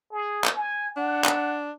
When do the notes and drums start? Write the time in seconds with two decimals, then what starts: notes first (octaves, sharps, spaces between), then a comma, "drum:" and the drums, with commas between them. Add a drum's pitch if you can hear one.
0.12 G#4
0.44 drum: clap
0.56 G#5
0.97 D4 F#5
1.24 drum: clap